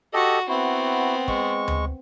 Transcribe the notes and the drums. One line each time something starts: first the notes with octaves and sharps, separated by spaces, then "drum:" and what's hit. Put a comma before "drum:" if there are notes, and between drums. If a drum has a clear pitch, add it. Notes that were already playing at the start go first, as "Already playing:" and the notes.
F#4 G4 A4 D#5
B3 C4 E4 F#4
G#3 C#6, drum: kick
drum: tom D2